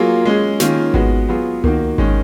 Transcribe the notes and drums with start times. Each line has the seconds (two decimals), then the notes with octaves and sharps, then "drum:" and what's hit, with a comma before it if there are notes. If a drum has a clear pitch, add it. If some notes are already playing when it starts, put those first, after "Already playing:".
Already playing: F#3 A#3 F4 G#4
0.25 G#3 C#4 G#4
0.60 D#3 A#3 C#4 F4 G#4, drum: snare
0.94 G#3 B3 F#4, drum: kick G#1
1.29 F#3 B3 F4 G#4
1.64 D#3 A#3 D#4 F#4, drum: tom C#2
1.98 D#3 G#3 C#4, drum: kick G#1